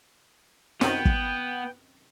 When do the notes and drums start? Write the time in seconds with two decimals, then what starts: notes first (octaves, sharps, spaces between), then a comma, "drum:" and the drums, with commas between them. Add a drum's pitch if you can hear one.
0.81 F#2 C3 D#3 B3 G5, drum: snare
1.05 drum: kick